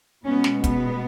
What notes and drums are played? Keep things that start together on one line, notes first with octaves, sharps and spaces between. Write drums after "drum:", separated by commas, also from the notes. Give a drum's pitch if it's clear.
B2 G#3 B3 C#4
drum: snare
B3, drum: kick, hi-hat